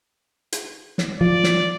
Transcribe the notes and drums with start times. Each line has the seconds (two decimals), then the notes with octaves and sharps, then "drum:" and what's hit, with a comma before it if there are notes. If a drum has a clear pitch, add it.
0.52 drum: hi-hat
0.98 drum: snare
1.21 F3 D5
1.44 drum: snare